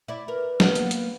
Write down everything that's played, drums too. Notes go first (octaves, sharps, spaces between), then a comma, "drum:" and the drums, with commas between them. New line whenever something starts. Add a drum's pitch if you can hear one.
E4 D5
A#4 B4
A#3 B3, drum: snare
drum: hi-hat
drum: hi-hat